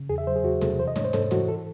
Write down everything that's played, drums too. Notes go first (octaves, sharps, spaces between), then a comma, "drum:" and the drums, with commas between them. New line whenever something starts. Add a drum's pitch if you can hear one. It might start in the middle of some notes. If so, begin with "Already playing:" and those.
Already playing: C#3
E2 G#4
E5
F#3 C5
G#4
E2 F#4
C3 A4, drum: snare
E3 C5
D#5
G#2 C#5, drum: snare
C5
G#2 A4, drum: snare
E3 F#4, drum: snare
A4